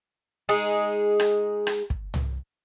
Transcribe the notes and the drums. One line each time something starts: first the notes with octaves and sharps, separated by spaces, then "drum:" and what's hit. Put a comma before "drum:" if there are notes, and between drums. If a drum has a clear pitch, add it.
G#3 D#4 G#4
drum: rim click
drum: rim click
drum: kick
drum: tom